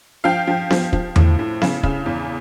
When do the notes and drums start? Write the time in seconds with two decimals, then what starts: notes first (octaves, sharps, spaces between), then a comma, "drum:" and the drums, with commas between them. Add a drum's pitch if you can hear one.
0.24 F3 F5 G5
0.47 F3
0.70 F3, drum: snare B3
0.93 F3, drum: kick
1.16 A2, drum: tom E2
1.39 A2
1.62 C#3, drum: snare B3
1.83 C#3, drum: kick
2.06 E2